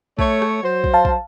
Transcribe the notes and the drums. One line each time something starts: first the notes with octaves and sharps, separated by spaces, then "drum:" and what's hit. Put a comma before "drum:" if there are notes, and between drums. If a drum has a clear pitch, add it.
A3 C#5, drum: kick
drum: rim click
F#3 C5
drum: kick
F5 A5
drum: kick